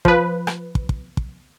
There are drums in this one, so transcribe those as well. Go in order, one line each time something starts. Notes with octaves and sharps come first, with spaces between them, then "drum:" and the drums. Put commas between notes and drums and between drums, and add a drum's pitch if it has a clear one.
F3 B4, drum: kick
drum: rim click
drum: kick
drum: kick
drum: kick